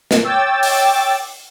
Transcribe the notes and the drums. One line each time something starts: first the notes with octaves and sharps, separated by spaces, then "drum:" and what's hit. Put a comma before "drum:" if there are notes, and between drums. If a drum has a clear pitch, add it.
drum: snare
C#5 G5 D6 E6 A6
drum: open hi-hat